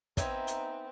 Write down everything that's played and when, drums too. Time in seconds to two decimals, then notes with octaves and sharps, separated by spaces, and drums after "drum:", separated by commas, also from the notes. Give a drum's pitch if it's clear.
0.17 B3 C4 D#4 E5 G#5, drum: kick, hi-hat
0.47 drum: hi-hat